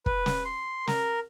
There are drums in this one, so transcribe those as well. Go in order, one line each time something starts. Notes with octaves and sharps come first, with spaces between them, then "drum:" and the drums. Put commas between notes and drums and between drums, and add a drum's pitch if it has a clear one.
B4, drum: kick
drum: snare
C6
A#4, drum: snare